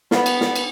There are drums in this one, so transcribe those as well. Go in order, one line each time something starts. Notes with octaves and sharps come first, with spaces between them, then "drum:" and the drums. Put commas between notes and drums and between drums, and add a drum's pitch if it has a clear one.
B3, drum: snare
drum: cymbal
drum: snare
drum: cymbal